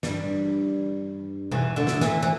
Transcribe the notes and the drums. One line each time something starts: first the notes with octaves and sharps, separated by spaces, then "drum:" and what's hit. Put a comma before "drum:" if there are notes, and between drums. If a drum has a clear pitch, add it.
G2 G3, drum: snare
E2 E3, drum: tom B2
D2 D3
drum: snare
E2 E3, drum: snare
E3